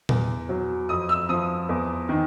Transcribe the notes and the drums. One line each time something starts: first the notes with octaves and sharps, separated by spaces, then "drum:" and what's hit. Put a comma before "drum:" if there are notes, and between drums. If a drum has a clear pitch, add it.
E2, drum: tom A#2
F#3
F2 D#6
E6
F3 D#6
E2
D#3